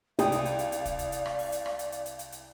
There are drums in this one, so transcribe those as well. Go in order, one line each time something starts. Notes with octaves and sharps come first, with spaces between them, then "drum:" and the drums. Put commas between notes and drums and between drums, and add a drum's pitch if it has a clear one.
C2 D5 F5 G5 D#6, drum: hi-hat
drum: hi-hat
drum: hi-hat
drum: hi-hat
drum: hi-hat
drum: kick, hi-hat
drum: hi-hat
drum: hi-hat
drum: rim click
drum: open hi-hat
drum: hi-hat
drum: rim click
drum: hi-hat
drum: hi-hat
drum: hi-hat
drum: hi-hat
drum: hi-hat